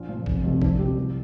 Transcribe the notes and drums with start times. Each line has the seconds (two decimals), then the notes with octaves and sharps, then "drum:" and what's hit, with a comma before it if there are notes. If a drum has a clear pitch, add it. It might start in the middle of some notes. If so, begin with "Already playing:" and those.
Already playing: A#1 F4
0.09 A#2 F3
0.26 F1, drum: kick A1
0.44 F2 C3 F3
0.62 D2 D4, drum: kick A1
0.79 C3 F3 G4
0.96 C2